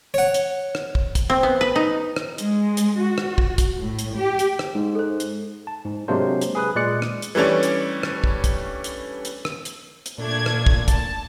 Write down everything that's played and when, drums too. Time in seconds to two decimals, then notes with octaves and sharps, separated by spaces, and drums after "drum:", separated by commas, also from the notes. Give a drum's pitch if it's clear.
0.14 C#5 F#5
0.34 drum: hi-hat
0.75 drum: rim click
0.95 drum: kick
1.15 drum: kick, hi-hat
1.30 C4
1.43 B3
1.61 B4
1.76 D#4
2.16 drum: rim click
2.38 G#3, drum: hi-hat
2.77 drum: hi-hat
2.99 F#4
3.18 drum: rim click
3.38 drum: kick
3.58 drum: kick, hi-hat
3.78 A2
3.99 drum: hi-hat
4.16 G4
4.39 drum: hi-hat
4.59 drum: rim click
4.75 G#2
4.95 A4 C5
5.20 drum: hi-hat
5.67 A5
5.85 G#2
6.08 C3 F#3 G#3 A#3 D4 C5
6.41 drum: hi-hat
6.55 G#4 B4 D#6 F#6
6.75 A#2 G#3 D5 F#6 C#7
7.02 drum: rim click
7.22 drum: hi-hat
7.35 E3 G3 A3 C#4 D4
7.63 drum: hi-hat
8.03 drum: rim click
8.24 drum: kick
8.44 drum: kick, hi-hat
8.84 drum: hi-hat
9.25 drum: hi-hat
9.45 drum: rim click
9.65 drum: hi-hat
10.06 drum: hi-hat
10.18 A#2 A3 D4 G#6
10.46 drum: rim click
10.66 drum: kick
10.88 A5, drum: kick, hi-hat